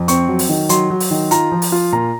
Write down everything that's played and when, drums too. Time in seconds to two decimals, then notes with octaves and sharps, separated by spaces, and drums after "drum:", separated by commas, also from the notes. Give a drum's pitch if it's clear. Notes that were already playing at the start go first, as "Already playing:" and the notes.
Already playing: F2
0.08 C4 C#6, drum: hi-hat
0.28 F#3
0.39 drum: open hi-hat
0.49 D#3
0.69 F#3 C6, drum: hi-hat
0.90 F#3
1.00 drum: open hi-hat
1.11 D#3
1.31 F4 A#5, drum: hi-hat
1.52 F3
1.62 drum: open hi-hat
1.72 F4
1.93 A#2 A#5